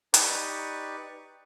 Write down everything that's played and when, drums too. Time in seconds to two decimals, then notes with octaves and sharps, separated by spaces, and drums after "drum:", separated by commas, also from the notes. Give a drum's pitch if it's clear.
0.14 D#4 G4 B4 D5 C#6, drum: hi-hat